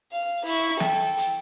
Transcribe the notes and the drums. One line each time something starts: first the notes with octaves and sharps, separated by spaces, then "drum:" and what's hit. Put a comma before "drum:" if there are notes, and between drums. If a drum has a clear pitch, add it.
F5
E4 C#6, drum: hi-hat
A4 G5, drum: snare
drum: hi-hat